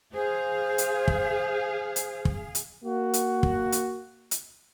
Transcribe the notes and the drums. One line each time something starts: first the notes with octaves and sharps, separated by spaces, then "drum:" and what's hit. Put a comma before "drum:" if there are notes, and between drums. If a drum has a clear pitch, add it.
G#4 C5 F5
drum: hi-hat
drum: kick
drum: hi-hat
drum: kick
drum: hi-hat
A#3 F#4
drum: hi-hat
drum: kick
drum: hi-hat
drum: hi-hat